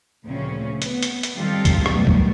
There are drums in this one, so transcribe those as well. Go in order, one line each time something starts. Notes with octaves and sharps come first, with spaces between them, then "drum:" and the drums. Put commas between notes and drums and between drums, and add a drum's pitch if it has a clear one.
D2 A#2 C#3 F3 C4 C#4
B3, drum: hi-hat
drum: hi-hat
drum: hi-hat
D#3 G3 C4 F4 G4 A4
drum: kick, hi-hat
F#2 B2 D#3 G3 A3 B3, drum: rim click
drum: kick